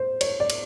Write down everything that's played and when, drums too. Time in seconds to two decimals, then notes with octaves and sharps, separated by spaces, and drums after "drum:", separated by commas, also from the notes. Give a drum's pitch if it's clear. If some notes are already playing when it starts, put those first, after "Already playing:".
Already playing: C5
0.21 C#5, drum: cymbal
0.40 D5
0.50 drum: cymbal